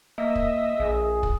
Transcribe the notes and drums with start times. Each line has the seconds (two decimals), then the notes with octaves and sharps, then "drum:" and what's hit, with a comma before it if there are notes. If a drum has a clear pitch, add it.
0.18 A#3 D#5 E5
0.35 drum: kick
0.80 A#1 G#4
1.23 drum: kick